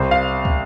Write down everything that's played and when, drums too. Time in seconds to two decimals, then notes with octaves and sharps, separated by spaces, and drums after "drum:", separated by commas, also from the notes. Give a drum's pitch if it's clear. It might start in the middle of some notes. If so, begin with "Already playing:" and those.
Already playing: C2 C5
0.11 F5
0.45 drum: kick